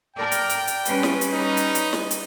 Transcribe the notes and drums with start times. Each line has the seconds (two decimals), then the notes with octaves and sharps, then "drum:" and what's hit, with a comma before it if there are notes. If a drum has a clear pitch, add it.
0.16 A#4 D5 G5
0.32 drum: hi-hat
0.49 drum: hi-hat
0.67 drum: hi-hat
0.85 G3 C#4 B4, drum: hi-hat
1.03 drum: snare
1.21 drum: hi-hat
1.33 D#4
1.57 drum: hi-hat
1.75 drum: hi-hat
1.93 drum: snare
2.11 drum: hi-hat